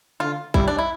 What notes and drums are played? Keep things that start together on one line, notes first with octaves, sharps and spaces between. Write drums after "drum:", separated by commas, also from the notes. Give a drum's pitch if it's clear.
D3 F4
G3 E4, drum: kick
D4
E4